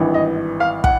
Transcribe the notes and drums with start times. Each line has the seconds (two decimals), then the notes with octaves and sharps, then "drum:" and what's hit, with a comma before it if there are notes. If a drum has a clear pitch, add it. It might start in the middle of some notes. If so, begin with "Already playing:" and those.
Already playing: G#1 G2 E3
0.14 D#5
0.60 F5
0.84 F#5, drum: kick